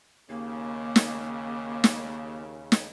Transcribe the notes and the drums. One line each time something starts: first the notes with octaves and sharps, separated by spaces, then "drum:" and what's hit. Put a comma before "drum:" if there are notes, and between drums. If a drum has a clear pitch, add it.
D#2 C#3 A#3
drum: snare
drum: snare
drum: snare